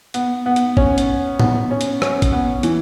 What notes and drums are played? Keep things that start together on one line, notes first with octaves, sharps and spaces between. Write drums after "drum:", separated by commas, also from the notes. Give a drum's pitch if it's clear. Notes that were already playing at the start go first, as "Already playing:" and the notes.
B3, drum: hi-hat
B3
drum: hi-hat
C#4, drum: kick
drum: hi-hat
B3, drum: tom A2
C#4
drum: hi-hat
C#4, drum: rim click
drum: kick, hi-hat
B3
E3, drum: hi-hat